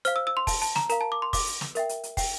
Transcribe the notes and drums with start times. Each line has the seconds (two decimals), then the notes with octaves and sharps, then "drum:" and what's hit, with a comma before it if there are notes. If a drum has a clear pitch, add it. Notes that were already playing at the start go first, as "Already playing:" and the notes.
0.05 C5 F5 F6, drum: hi-hat
0.16 E6
0.27 E6
0.37 C6
0.47 A5, drum: kick, open hi-hat
0.62 A5, drum: hi-hat
0.76 A#5, drum: snare
0.89 A#4 F5 A#5, drum: hi-hat
1.01 A5
1.12 D6
1.22 C6
1.33 D6, drum: kick, open hi-hat
1.47 drum: hi-hat
1.61 drum: snare
1.75 A#4 E5 G5, drum: hi-hat
1.89 drum: hi-hat
2.03 drum: hi-hat
2.17 G5, drum: kick, open hi-hat